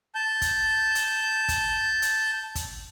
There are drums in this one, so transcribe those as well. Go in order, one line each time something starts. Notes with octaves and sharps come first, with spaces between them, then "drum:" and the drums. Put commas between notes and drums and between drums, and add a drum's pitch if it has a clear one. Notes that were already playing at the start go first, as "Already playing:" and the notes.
A5 G6
drum: kick, hi-hat
drum: hi-hat
drum: kick, hi-hat
drum: hi-hat
drum: kick, hi-hat